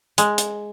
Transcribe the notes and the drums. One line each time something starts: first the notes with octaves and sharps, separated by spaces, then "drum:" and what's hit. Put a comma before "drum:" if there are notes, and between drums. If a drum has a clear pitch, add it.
G#3, drum: hi-hat
drum: hi-hat